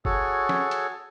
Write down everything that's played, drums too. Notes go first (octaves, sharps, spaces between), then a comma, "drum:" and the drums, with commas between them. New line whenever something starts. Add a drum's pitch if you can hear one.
F#4 G#4 A4 C#5, drum: kick F#1
drum: snare
drum: hi-hat